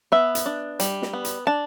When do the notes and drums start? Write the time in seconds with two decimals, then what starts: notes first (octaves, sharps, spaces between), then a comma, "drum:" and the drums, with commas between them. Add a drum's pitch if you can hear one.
0.12 B3 E5
0.35 drum: hi-hat
0.46 D4
0.79 G3, drum: hi-hat
1.02 drum: snare
1.13 B3
1.25 drum: hi-hat
1.47 D4 A5